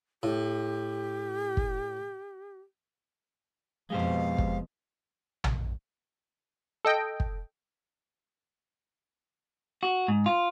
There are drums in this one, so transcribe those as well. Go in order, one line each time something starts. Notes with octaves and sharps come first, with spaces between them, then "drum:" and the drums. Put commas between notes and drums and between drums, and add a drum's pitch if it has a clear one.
A2 G4
drum: kick
F2 B2 G#3 G4 C5 F5
drum: kick
drum: tom
A4 D#5 G5
drum: kick
F#4
G#2
F4